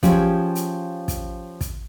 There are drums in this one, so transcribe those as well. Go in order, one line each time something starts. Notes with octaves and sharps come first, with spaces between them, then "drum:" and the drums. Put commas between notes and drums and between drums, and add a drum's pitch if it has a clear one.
F3 C#4 G4 G#4, drum: kick, hi-hat
drum: hi-hat
drum: kick, hi-hat
drum: kick, hi-hat